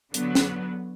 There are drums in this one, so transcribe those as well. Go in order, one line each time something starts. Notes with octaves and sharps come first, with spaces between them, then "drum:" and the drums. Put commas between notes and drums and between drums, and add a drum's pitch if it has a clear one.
D3 F#3 B3, drum: hi-hat
drum: snare